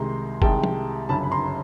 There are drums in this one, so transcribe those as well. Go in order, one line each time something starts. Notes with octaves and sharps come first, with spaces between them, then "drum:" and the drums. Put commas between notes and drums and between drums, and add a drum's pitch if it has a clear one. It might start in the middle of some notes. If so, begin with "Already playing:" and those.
Already playing: C2 C3 D#3 G#3 A#5 C6
C2 C3 D#3 G#3 G5 A5, drum: kick G1
drum: tom
G1 F#2 C#3 A5 B5
B5
A#5 C6